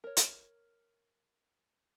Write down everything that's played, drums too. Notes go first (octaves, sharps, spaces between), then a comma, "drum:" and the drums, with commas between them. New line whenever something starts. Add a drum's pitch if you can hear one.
A#4 C#5
drum: hi-hat